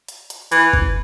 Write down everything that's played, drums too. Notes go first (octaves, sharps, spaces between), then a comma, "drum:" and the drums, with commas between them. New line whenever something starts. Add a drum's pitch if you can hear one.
drum: hi-hat
drum: hi-hat
E3, drum: hi-hat
drum: kick G1